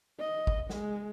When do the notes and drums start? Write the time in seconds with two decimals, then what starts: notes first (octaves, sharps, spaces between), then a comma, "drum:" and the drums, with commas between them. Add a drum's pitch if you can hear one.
0.19 D#5
0.47 drum: kick
0.70 G#3, drum: snare